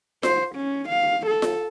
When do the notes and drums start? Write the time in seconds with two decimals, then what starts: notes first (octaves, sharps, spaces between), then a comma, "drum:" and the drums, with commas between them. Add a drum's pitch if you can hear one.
0.23 C5, drum: snare F4
0.56 C#4
0.89 F5
1.26 A4
1.42 drum: snare F4